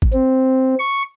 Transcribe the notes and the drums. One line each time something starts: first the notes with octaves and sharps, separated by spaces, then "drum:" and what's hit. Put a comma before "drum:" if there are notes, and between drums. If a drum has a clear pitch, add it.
drum: kick G#1
C4
C#6